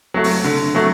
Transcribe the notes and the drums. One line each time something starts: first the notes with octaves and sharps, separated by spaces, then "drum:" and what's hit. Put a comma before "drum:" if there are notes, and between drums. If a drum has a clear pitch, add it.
F#3 A3
drum: open hi-hat
D3
F#3 A3